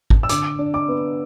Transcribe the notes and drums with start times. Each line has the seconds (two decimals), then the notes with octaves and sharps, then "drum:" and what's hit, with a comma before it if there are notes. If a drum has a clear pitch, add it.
0.10 drum: kick G#1
0.23 E6
0.29 D3 D6, drum: hi-hat
0.59 D4
0.74 D6
0.88 B3